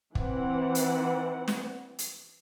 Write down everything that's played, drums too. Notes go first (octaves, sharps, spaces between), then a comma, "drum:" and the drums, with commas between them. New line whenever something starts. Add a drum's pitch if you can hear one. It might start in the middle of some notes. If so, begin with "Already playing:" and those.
E3 C4 F#5, drum: kick
drum: hi-hat
drum: snare
drum: hi-hat